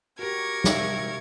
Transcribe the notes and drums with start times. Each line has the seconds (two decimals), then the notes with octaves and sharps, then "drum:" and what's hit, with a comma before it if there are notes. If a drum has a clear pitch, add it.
0.19 F#4 G4 A#4 C#6 G#6
0.64 C3 E5 F5, drum: snare